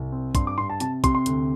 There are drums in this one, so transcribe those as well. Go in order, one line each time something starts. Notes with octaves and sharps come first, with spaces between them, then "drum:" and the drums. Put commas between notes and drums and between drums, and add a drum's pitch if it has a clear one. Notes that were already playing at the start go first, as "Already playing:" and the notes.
Already playing: C2
C4
G2 C6, drum: kick, hi-hat
D6
G2 C6
A5
C3 A5, drum: hi-hat
C3 C6, drum: kick, hi-hat
C6
D2, drum: hi-hat